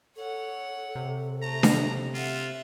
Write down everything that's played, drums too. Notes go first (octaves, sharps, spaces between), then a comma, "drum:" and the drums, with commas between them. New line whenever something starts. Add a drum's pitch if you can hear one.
A4 C#5 F#5
C3
A3 A#5
drum: snare D4
F4 E5 F#5